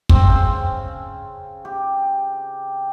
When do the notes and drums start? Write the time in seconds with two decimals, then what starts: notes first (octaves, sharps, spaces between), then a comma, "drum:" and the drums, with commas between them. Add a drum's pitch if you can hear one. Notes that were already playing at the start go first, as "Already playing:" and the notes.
0.09 C4, drum: kick
0.29 C#3
1.65 G4